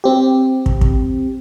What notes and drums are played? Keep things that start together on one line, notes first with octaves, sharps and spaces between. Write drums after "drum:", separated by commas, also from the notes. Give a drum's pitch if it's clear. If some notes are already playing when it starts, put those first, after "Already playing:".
C4 G4
drum: kick
drum: kick